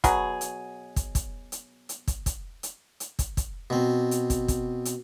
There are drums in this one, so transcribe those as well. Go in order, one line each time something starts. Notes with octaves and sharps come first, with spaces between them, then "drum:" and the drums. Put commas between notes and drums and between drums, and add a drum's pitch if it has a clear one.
B2 F#3 G#4, drum: kick, hi-hat
drum: hi-hat
drum: kick, hi-hat
drum: kick, hi-hat
drum: hi-hat
drum: hi-hat
drum: kick, hi-hat
drum: kick, hi-hat
drum: hi-hat
drum: hi-hat
drum: kick, hi-hat
drum: kick, hi-hat
B2 C4
drum: hi-hat
drum: kick, hi-hat
drum: kick, hi-hat
drum: hi-hat